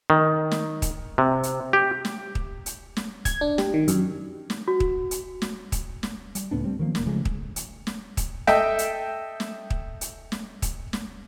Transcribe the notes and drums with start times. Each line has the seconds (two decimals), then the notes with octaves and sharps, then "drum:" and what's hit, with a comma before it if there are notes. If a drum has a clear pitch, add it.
0.10 D#3
0.51 drum: snare
0.82 drum: kick, hi-hat
1.18 C3
1.43 drum: hi-hat
1.73 G4
2.05 drum: snare
2.35 drum: kick
2.66 drum: hi-hat
2.97 drum: snare
3.25 G#6, drum: kick, hi-hat
3.41 D4
3.58 G4, drum: snare
3.74 D#3
3.88 F#2, drum: hi-hat
4.50 drum: snare
4.68 F#4
4.80 drum: kick
5.11 drum: hi-hat
5.42 drum: snare
5.72 drum: kick, hi-hat
6.03 drum: snare
6.35 G3, drum: hi-hat
6.51 C#2 A2 B3 D4
6.64 G3 C4
6.79 D#3 F3 A#3
6.95 D#1 A#3, drum: snare
7.06 C#3 F3 G#3 A3
7.25 drum: kick
7.56 drum: hi-hat
7.87 drum: snare
8.17 drum: kick, hi-hat
8.47 A4 D#5 E5 G5, drum: snare
8.79 drum: hi-hat
9.40 drum: snare
9.70 drum: kick
10.01 drum: hi-hat
10.32 drum: snare
10.62 drum: kick, hi-hat
10.93 drum: snare